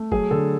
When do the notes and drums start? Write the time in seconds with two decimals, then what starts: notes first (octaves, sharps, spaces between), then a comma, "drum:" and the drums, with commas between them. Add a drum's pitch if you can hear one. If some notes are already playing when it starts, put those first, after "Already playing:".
Already playing: A3
0.12 F#3 G#4, drum: kick
0.31 D3 A4